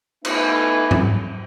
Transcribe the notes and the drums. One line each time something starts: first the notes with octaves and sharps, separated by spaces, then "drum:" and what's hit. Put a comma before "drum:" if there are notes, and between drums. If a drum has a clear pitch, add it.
A3 B3 D#4 E4 E5 G#5, drum: cymbal
drum: tom G#2